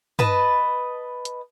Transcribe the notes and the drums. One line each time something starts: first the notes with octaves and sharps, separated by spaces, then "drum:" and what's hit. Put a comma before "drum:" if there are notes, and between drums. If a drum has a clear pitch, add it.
B4 D#5 A5, drum: tom
drum: hi-hat